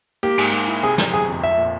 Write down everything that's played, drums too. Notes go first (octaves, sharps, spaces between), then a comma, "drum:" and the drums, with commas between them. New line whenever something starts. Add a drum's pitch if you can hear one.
A#3 G4
G#2, drum: cymbal
A#3
E4
C3 G#4
C3, drum: snare
G1 G#4
F2
F3 E5
A#2